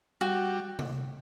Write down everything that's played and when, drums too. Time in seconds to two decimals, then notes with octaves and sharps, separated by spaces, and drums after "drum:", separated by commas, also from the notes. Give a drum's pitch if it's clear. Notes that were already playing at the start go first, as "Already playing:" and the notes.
0.21 G3 F#4
0.79 drum: tom C3